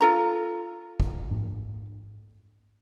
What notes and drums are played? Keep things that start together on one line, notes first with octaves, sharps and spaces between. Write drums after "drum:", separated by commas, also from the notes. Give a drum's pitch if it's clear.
F4 A4 A#5
drum: kick
drum: tom G#2